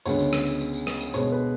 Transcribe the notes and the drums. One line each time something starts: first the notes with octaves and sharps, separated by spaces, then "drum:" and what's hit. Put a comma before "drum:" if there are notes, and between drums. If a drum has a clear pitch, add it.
D2 C#3 G#3 B3 C#5, drum: tambourine
drum: tambourine
drum: rim click
drum: tambourine
drum: tambourine
drum: tambourine
drum: rim click
drum: tambourine
B2 G#3 B3 C#5, drum: tambourine
B4